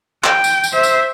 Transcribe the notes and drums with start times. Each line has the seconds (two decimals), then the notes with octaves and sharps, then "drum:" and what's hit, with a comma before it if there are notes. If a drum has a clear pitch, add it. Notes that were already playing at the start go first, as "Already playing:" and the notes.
0.24 G5, drum: clap
0.44 drum: tambourine
0.64 drum: tambourine
0.73 C5 E5
0.83 drum: tambourine